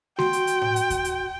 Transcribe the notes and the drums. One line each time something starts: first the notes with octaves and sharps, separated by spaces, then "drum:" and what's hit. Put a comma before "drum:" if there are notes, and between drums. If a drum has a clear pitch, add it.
F#4 G5 C6, drum: snare G#3
drum: hi-hat
drum: hi-hat
drum: tom A2
drum: hi-hat
drum: kick D#2, hi-hat
drum: hi-hat